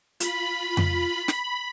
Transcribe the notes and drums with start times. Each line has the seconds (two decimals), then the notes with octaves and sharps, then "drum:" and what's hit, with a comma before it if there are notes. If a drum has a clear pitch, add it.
0.20 F4 B5, drum: hi-hat
0.77 drum: tom F2
1.28 drum: snare